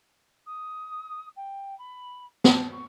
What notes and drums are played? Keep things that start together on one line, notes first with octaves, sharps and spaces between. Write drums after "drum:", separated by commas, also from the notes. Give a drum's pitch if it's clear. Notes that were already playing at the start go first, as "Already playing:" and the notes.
D#6
G5
B5
A5, drum: snare
C#6